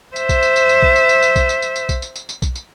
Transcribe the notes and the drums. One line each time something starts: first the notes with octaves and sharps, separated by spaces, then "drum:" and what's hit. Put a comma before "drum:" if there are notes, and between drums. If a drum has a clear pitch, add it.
C5 E5, drum: tambourine
drum: kick B1, tambourine
drum: tambourine
drum: tambourine
drum: tambourine
drum: kick B1
drum: tambourine
drum: tambourine
drum: tambourine
drum: kick B1, tambourine
drum: tambourine
drum: tambourine
drum: tambourine
drum: kick B1, tambourine
drum: tambourine
drum: tambourine
drum: tambourine
drum: kick B1, tambourine
drum: tambourine